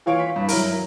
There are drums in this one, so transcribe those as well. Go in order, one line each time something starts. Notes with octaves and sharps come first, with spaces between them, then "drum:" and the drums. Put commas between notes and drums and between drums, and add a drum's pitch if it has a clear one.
E3 F4 C#5 F5 C#6 D7
B6
G2
F#3 E4 A#4, drum: open hi-hat